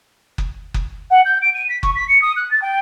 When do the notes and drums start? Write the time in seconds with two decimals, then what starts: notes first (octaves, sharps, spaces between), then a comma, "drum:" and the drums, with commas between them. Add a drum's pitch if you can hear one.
0.38 drum: kick F#1
0.74 drum: kick F#1
1.11 F#5
1.25 G6
1.42 D7
1.55 D#7
1.69 B6
1.83 C#6, drum: kick F#1
1.96 B6
2.09 C#7
2.22 D#6
2.37 F#6
2.51 A6
2.62 G5